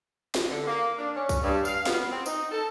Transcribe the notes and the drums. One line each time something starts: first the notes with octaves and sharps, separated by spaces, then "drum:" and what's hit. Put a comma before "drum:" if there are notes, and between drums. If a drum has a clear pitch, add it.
drum: snare
D3
A#3
D4
C#4
drum: kick B1, tambourine
G2
F5, drum: tambourine
B3, drum: snare
C4
D#4, drum: tambourine
A4